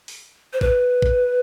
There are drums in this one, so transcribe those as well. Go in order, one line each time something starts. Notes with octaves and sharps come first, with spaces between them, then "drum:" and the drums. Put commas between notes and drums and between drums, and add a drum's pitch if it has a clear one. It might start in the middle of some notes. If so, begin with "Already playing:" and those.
drum: open hi-hat
C5
B4, drum: kick A1
drum: kick A1